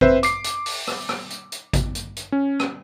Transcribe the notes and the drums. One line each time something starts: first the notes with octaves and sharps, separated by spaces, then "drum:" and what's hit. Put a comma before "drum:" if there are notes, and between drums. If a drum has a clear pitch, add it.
C4 B4 C5 E5, drum: kick G#1
D6 C7, drum: hi-hat
drum: hi-hat
drum: open hi-hat
drum: rim click
drum: rim click
drum: hi-hat
drum: hi-hat
drum: kick G#1, hi-hat
drum: hi-hat
drum: hi-hat
C#4
drum: rim click